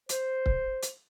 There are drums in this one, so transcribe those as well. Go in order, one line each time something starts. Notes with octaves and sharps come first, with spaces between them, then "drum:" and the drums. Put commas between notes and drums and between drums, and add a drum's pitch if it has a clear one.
C5, drum: hi-hat
drum: kick C#1
drum: hi-hat